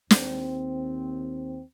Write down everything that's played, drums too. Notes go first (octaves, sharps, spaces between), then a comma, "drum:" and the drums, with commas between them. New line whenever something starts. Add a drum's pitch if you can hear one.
D#2 C4, drum: snare